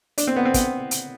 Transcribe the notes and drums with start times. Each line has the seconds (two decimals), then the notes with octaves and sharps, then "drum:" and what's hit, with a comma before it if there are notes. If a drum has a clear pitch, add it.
0.18 D4, drum: hi-hat
0.27 C4
0.36 B3
0.45 C4
0.54 B3, drum: kick, hi-hat
0.91 drum: hi-hat